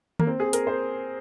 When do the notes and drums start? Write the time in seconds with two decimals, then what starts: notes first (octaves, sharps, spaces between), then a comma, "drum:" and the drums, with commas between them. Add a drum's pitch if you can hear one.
0.19 A#3, drum: tom D#3
0.27 C4
0.40 G#4
0.53 A#4, drum: hi-hat
0.67 C5